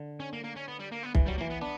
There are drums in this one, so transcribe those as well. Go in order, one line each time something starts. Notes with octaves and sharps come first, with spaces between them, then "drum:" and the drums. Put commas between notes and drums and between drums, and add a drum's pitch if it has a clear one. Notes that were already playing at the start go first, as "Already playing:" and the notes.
Already playing: D3
C#4
A#3
A#3
C#4
B3
G3
A#3
B3
E3, drum: kick B1
F#3 G3
E3 A#3
B3
B3 D4